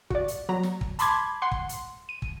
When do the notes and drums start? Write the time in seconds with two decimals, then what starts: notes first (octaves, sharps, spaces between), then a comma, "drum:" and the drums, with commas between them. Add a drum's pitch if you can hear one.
0.10 F#4 D5, drum: kick
0.28 drum: hi-hat
0.49 F#3 A#5
0.63 drum: snare
0.81 drum: kick
0.99 A5 B5 C6 D6 G#6, drum: hi-hat
1.42 F#5 C6
1.52 drum: kick
1.69 drum: hi-hat
2.09 D#7
2.22 drum: kick